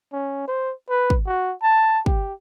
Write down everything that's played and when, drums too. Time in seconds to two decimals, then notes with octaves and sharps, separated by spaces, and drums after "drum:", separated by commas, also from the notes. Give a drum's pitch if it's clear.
0.13 C#4
0.48 C5
0.89 B4
1.10 drum: kick
1.26 F#4
1.62 A5
2.06 G4, drum: kick